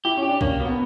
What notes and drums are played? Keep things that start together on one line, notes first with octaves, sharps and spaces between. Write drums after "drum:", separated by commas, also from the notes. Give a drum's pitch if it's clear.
E4 G4
C#4
G4
D4
A#3 C#4, drum: kick B1
B2
B3